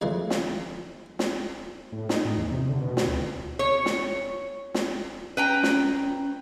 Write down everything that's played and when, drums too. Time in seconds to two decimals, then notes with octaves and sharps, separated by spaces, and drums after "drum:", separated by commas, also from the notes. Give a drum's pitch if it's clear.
0.01 F2 C#3 E3 G#3 A3
0.30 drum: snare
1.19 drum: snare
1.92 A2
2.09 D#4, drum: snare
2.25 A2
2.38 E2
2.52 C3
2.69 D3
2.81 B2
2.97 B2, drum: snare
3.08 D2
3.59 C#5
3.86 drum: snare
4.74 drum: snare
5.37 C#4 B4 G5 A#5
5.63 drum: snare